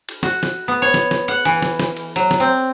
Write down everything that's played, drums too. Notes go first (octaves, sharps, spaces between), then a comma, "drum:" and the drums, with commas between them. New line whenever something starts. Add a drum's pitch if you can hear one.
drum: cymbal
F#4, drum: snare
drum: snare
B3
C#5
drum: snare
drum: snare
F#5, drum: cymbal
E3, drum: cymbal
drum: snare
drum: snare
drum: cymbal
F#3, drum: cymbal
drum: snare
C4